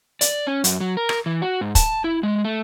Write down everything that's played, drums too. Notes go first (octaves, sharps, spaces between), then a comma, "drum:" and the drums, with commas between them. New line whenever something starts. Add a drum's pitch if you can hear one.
D5, drum: hi-hat
C#4
F#2, drum: hi-hat
F#3
A#4
drum: rim click
E3
F#4
G#2
A5, drum: kick, hi-hat
E4
G#3
A3